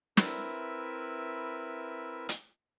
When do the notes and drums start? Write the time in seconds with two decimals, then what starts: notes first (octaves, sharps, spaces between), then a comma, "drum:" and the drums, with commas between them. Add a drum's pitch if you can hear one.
0.17 C4 E4 A#4 B4 E5, drum: snare
2.29 drum: hi-hat